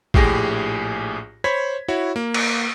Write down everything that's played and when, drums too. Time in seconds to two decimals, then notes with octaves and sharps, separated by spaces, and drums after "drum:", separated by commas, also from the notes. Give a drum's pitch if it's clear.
0.14 A#1 A2 G4 G#4 A#6, drum: kick
1.44 C5 C#5 B5 G#6 B6
1.88 E4 F#4 C#5
2.16 A#3
2.34 drum: cymbal